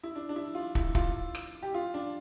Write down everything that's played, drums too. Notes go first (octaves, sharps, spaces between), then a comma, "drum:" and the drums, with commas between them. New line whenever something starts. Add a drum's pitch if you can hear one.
E4
D4
D4
E4
F4
E4, drum: kick
F4, drum: kick
drum: rim click
G4
F4
D4